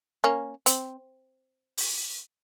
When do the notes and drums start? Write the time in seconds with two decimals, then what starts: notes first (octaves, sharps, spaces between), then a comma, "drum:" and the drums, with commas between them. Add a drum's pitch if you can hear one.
0.24 A#3 C#4
0.66 C4, drum: hi-hat
1.77 drum: open hi-hat